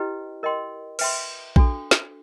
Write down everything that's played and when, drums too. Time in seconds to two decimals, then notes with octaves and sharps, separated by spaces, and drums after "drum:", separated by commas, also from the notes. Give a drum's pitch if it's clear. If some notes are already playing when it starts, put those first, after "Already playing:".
Already playing: E4 G4 B4 D#5 G5
0.43 A#4 D#5 G5 C6
0.99 B4 E5 G5 C6, drum: cymbal
1.56 D4 F#4 A4, drum: kick A#1
1.91 drum: snare